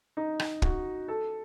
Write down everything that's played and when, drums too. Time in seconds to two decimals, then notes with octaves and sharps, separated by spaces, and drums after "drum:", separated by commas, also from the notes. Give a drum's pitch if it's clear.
0.17 D#4
0.40 drum: rim click
0.62 F#4, drum: kick
1.08 A4